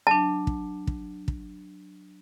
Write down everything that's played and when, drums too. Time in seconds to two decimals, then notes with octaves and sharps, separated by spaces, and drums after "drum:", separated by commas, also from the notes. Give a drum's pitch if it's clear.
0.07 F#3 D4 A5
0.47 drum: kick
0.87 drum: kick
1.28 drum: kick